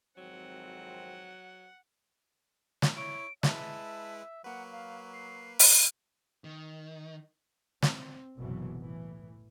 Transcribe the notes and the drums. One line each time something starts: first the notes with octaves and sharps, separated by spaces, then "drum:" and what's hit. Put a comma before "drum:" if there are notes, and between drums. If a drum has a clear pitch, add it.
G#1 F2 F#3 C4 F#5
drum: snare
E4 C#5 D7
G#3 E4 B4 E5 A5, drum: snare
F#3 A#3 B4 F#5
F5
C7
drum: open hi-hat
D#3
C4, drum: snare
F#1 C2 B2 E3 F#3
A2 E3